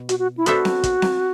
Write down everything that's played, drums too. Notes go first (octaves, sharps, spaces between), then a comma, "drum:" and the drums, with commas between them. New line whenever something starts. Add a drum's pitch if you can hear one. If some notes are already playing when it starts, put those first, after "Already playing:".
Already playing: B2
F#4, drum: hi-hat
F#4
E4
B3 D4 F#4 A4 C5 E5, drum: hi-hat
drum: snare C4
drum: kick, hi-hat
drum: snare C4